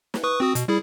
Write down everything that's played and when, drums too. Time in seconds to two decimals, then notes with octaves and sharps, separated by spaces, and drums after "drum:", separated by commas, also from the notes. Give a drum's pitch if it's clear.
0.14 drum: snare
0.24 B4 C#6 D#6
0.40 C4 F#4 D#6
0.55 B2, drum: hi-hat
0.68 G3 E4 G#4